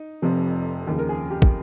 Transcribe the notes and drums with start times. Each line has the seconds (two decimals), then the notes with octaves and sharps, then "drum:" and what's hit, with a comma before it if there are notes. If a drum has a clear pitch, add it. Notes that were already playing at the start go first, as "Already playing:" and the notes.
Already playing: D#4
0.22 F1 F2 C3 F3
0.87 D#2 C#3 F3
0.99 A#4
1.09 G#4
1.30 G4
1.42 drum: kick